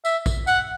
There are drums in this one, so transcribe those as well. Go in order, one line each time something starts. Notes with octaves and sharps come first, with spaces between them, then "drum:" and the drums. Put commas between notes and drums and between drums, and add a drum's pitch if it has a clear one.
E5, drum: tambourine
drum: kick, tambourine
F#5, drum: tambourine